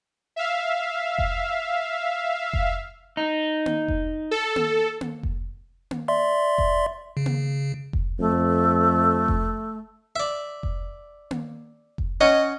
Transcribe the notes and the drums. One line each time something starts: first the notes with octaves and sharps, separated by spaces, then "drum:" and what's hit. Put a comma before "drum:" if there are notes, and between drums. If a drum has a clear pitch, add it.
E5 F5
drum: kick F1
drum: kick F1
D#4
drum: tom A#3
drum: kick F1
A4
drum: tom A#3
drum: tom A#3
drum: kick F1
drum: tom A#3
D5 E5 C6
drum: kick F1
C#3
drum: tom A#3
drum: kick F1
F2 A3
drum: kick F1
D5 E5
drum: kick F1
drum: tom A#3
drum: kick F1
C#4 C#5 D#5 F#5